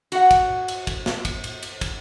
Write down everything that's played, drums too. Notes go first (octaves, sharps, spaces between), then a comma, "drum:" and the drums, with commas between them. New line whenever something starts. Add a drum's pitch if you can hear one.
F#4 F#5, drum: cymbal
drum: kick, cymbal
drum: cymbal
drum: kick, cymbal
drum: snare
drum: kick, cymbal
drum: cymbal
drum: cymbal
drum: kick, cymbal